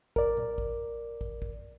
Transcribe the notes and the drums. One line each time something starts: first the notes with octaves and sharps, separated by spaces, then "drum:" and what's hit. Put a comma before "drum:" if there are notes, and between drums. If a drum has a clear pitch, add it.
A#4 D5, drum: kick
drum: tom A#2
drum: kick
drum: kick
drum: kick